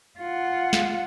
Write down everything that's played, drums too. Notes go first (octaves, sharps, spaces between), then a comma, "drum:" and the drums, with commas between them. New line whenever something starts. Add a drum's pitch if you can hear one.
F4 F#5
drum: snare